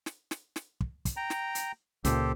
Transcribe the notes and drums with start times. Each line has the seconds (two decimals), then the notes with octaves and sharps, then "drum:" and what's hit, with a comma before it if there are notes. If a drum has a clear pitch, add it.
0.06 drum: snare
0.31 drum: snare
0.56 drum: snare
0.81 drum: kick
1.05 drum: kick, hi-hat
1.17 G5 A#5
1.30 drum: snare
1.55 drum: hi-hat
2.05 C#2 A#2 G4 A4 C5, drum: hi-hat